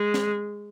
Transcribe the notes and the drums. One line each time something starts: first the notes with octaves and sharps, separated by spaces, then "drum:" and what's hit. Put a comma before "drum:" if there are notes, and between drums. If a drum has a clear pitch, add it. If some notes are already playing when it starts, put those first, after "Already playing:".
Already playing: G#3
drum: snare